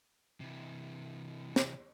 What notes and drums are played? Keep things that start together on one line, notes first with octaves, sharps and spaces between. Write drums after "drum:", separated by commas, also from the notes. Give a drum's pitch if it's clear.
C3 E3
drum: snare